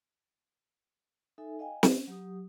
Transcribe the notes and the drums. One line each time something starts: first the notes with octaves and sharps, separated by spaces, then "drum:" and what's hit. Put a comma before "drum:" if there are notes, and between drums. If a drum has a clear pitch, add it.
D#4 A4 E5 G#5
D#5 F5 G5 G#5
C#4, drum: snare
F#3 G4 D#6